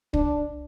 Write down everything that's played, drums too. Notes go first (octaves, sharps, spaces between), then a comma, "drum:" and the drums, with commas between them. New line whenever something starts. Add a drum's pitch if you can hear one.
D4, drum: kick